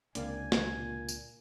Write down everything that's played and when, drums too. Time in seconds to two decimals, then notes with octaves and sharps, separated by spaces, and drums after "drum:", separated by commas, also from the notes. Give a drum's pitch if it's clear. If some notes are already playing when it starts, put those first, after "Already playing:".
0.15 C#2 C3 A#3 D4 D5 F5 G#5, drum: hi-hat
0.52 drum: snare
0.76 A#2
1.09 drum: tambourine